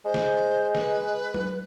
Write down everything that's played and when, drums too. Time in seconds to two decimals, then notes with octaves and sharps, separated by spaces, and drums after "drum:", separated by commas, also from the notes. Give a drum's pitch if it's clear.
0.05 G#3 C5
0.14 drum: snare
0.75 B4, drum: snare
1.34 drum: tom F#3